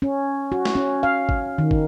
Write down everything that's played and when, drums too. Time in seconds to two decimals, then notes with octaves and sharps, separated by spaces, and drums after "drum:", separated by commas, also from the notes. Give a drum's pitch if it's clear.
0.02 C#4
0.52 F#4
0.65 drum: snare
0.75 C#4
1.03 F5
1.29 drum: kick
1.58 D#3
1.71 drum: kick